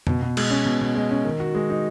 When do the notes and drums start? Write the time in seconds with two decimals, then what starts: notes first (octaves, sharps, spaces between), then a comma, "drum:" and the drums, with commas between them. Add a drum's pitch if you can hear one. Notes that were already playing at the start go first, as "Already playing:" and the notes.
0.07 B2, drum: tom F2
0.22 B2
0.37 G#3, drum: cymbal
0.51 C#4
0.65 B2
0.81 B2
0.96 G#3
1.11 C#4
1.25 D#3
1.40 F#4
1.55 G#3
1.70 D#4